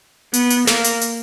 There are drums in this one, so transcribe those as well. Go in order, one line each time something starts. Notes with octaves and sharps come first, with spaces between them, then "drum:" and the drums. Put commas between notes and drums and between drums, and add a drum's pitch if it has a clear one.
B3, drum: hi-hat
drum: hi-hat
A#3, drum: snare
drum: hi-hat
drum: hi-hat